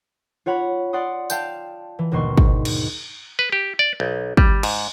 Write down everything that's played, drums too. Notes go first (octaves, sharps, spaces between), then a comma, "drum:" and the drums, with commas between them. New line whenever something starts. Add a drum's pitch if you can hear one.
F4 C#5 F#5 B5
D5 F#5 C6 D#6
F5 G5 A5 G6, drum: tambourine
E3
G1 D#2 B2 C6 C#6
G#2, drum: kick
drum: cymbal
B4
G4
D5
B1
G3, drum: kick
G#2, drum: cymbal